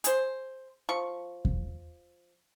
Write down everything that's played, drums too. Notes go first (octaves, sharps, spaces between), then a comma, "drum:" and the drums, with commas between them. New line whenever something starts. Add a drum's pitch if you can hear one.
G#4 C5, drum: hi-hat
F3 C#6
drum: kick E2